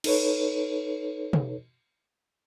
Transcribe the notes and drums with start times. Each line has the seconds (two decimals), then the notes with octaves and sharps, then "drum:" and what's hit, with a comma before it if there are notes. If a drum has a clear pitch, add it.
0.04 D#4 A4 B4 C#5, drum: cymbal
1.33 drum: tom